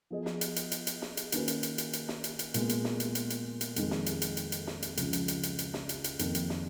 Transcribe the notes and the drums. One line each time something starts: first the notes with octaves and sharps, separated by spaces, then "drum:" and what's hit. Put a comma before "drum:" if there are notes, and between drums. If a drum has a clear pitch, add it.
F3 B3 F4 G#4 D#5
drum: snare
drum: hi-hat
drum: hi-hat
drum: hi-hat
drum: hi-hat
drum: snare
drum: hi-hat
D#3 A#3 C#4 F#4 B4, drum: hi-hat
drum: hi-hat
drum: hi-hat
drum: hi-hat
drum: hi-hat
drum: snare
drum: hi-hat
drum: hi-hat
A#2 G#3 B3, drum: hi-hat
drum: hi-hat
drum: snare
drum: hi-hat
drum: hi-hat
drum: hi-hat
drum: hi-hat
F2 D#3 G#3, drum: hi-hat
drum: snare
drum: hi-hat
drum: hi-hat
drum: hi-hat
drum: hi-hat
drum: snare
drum: hi-hat
C#2 C#3 F3, drum: hi-hat
drum: hi-hat
drum: hi-hat
drum: hi-hat
drum: hi-hat
drum: snare
drum: hi-hat
drum: hi-hat
F2 D#3 A#3, drum: hi-hat
drum: hi-hat
drum: snare